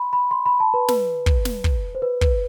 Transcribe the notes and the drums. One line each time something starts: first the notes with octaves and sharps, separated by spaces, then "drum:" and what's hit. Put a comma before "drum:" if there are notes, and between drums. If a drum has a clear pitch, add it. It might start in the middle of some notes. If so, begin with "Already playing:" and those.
Already playing: B5 C6
B5
C6
B5
A5
B4
B4, drum: snare
drum: kick
drum: snare
drum: kick
C5
B4
B4, drum: kick